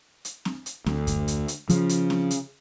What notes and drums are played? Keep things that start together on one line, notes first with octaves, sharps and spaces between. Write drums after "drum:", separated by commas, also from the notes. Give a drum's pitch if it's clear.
drum: hi-hat
drum: snare C4
drum: hi-hat
D2, drum: snare C4
drum: kick F#2, hi-hat
drum: hi-hat
drum: hi-hat
C#3 F3, drum: hi-hat
drum: hi-hat
drum: snare C4
drum: hi-hat